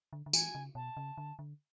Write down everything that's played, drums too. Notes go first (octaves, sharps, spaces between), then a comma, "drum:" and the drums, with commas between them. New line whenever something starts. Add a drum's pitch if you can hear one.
D3
D3
E3 G#5, drum: tambourine
C#3
B2 A5
C#3
D3
D3